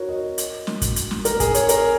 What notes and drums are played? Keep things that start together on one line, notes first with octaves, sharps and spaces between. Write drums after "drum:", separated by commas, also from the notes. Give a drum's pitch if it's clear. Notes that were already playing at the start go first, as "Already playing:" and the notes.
Already playing: F#4 A#4 C#5
D#5
drum: hi-hat
drum: snare
drum: kick, hi-hat
drum: hi-hat
drum: snare
A#4, drum: hi-hat
G#4, drum: kick, hi-hat
C#5, drum: hi-hat
A#4, drum: hi-hat